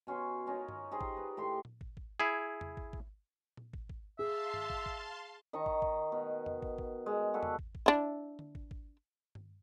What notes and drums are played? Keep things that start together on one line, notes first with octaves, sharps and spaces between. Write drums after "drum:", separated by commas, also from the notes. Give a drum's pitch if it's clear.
B2 C#4 C6
C#4 D#4 F4 A#4
drum: tom G2
D#4 G4 G#4 C5
drum: kick
B4 G5
A2 G4 C6
drum: tom A#2
drum: kick
drum: kick
E4 G#4
drum: tom E2
drum: kick
drum: kick
drum: tom A#2
drum: kick
drum: kick
G#4 E5 F5 A5 C6
drum: tom G2
drum: kick
drum: kick
D#3 D#5 A#5 C#6
drum: kick
drum: kick
B2
drum: tom E2
drum: kick
drum: kick
G#3
G3 F#4 A4 B4
drum: tom E2
drum: kick
drum: kick
D4 E4
drum: tom D3
drum: kick
drum: kick
drum: tom G2